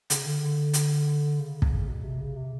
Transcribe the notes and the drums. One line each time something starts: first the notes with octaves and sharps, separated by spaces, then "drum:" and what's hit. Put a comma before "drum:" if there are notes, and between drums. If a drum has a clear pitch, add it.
C#3, drum: hi-hat
D3
drum: hi-hat
C#3
drum: kick
B2
C3
C#3
C3